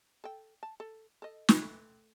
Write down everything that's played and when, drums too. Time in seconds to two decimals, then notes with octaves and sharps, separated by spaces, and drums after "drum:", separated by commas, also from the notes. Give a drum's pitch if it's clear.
0.24 A4 G5
0.63 A5
0.80 A4
1.22 A4 D#5
1.49 drum: snare
1.62 A3